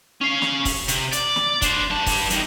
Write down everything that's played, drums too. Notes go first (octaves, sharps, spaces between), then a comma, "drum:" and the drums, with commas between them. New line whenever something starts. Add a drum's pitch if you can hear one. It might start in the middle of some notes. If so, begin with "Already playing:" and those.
C#4 F5
drum: snare
drum: kick, open hi-hat
C3, drum: hi-hat
D5, drum: hi-hat
drum: snare
D4 C5, drum: kick, hi-hat
G2 A5
drum: kick, open hi-hat
E2 D#3, drum: hi-hat